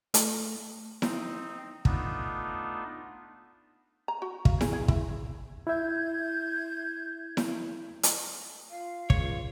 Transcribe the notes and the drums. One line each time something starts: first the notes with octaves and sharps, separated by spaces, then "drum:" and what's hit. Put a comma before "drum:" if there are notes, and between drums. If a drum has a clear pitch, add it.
A3, drum: hi-hat
C4 D#4, drum: snare E4
A3 B3 D4 D#4 F4, drum: kick
A#5
F#4
F5, drum: kick
G#4, drum: snare E4
G#4
E4, drum: kick
E4 E5 G6 G#6
drum: snare E4
drum: hi-hat
F4 F5
C#2 C#5, drum: kick